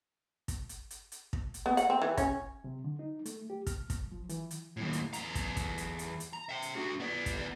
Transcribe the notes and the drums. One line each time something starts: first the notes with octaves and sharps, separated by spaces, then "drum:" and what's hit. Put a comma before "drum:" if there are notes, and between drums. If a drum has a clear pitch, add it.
drum: kick, hi-hat
drum: hi-hat
drum: hi-hat
drum: hi-hat
drum: kick
drum: hi-hat
B3
F#5, drum: hi-hat
C4
E3
C#4, drum: kick, hi-hat
C3
D3
D#4
A3, drum: hi-hat
G4
F6, drum: kick, hi-hat
F2, drum: kick, hi-hat
F3
E3, drum: hi-hat
drum: hi-hat
D#2 A2
drum: hi-hat
E2 A#5, drum: hi-hat
drum: kick, hi-hat
drum: kick, hi-hat
drum: hi-hat
drum: hi-hat
drum: hi-hat
A#5
E5 G5
drum: hi-hat
D4 F#4
B3 D5
drum: kick, hi-hat